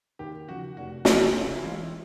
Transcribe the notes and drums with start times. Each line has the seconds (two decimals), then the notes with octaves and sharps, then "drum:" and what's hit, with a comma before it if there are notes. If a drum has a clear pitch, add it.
0.19 D#2 G4
0.48 C#3 F3 F#4
0.77 F1 F#4
1.05 F2 C#3 F3 F4, drum: snare
1.34 C#3 F4
1.51 E4
1.62 E3 G#3 C4 F4